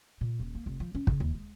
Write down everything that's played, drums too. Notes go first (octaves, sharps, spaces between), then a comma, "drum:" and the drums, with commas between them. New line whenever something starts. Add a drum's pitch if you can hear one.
A#2
D#1
A#3
F1
F3
C#4
C#3, drum: kick
D#2
G#3